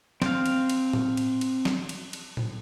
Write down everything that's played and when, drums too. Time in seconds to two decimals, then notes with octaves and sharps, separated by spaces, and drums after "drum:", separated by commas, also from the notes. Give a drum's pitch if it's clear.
0.22 C4 F5, drum: snare
0.46 drum: cymbal
0.69 drum: cymbal
0.93 drum: tom A2
1.17 drum: cymbal
1.41 drum: cymbal
1.65 drum: snare
1.89 drum: cymbal
2.13 drum: cymbal
2.37 drum: tom A2